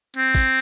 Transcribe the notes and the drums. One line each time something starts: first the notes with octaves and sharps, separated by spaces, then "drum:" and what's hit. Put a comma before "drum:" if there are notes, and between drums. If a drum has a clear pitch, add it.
C4
drum: kick